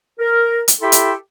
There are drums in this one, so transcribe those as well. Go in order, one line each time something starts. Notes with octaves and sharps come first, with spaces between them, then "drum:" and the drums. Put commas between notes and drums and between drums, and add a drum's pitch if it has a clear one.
A#4
drum: hi-hat
E4 G4 A4 E5 G5 C6
drum: hi-hat